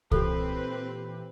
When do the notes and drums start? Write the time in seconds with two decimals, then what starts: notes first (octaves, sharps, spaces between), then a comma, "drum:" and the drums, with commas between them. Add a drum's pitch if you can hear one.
0.11 A#2 E3 C4 G4 A4 B4, drum: kick C2